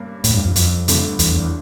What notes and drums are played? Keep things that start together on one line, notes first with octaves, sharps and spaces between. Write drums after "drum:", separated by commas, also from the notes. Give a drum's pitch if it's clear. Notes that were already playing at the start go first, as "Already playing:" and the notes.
Already playing: G2 A#3 C#4
A2, drum: hi-hat
F2
G2
F2
F2, drum: hi-hat
G1 G2 D3 A3, drum: hi-hat
E2, drum: hi-hat
E2